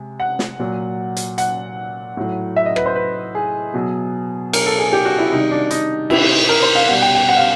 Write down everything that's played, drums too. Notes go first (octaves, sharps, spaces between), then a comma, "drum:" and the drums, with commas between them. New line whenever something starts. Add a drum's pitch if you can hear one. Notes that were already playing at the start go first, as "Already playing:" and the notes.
Already playing: C3 G#3
F#5
drum: snare
A#2 F#3
drum: hi-hat
F#5, drum: hi-hat
A2 F#3
E5
D#5
B4, drum: rim click
C5
B4
G#4
B2 F#3
A#4, drum: cymbal
A4
G#4
G4
F#4
E4
C3 D#3 G3 D#4
D4
D#4, drum: hi-hat
E4, drum: cymbal
A#4
C5
F5
B2 G3 F#5
G5
G5
F#5
F5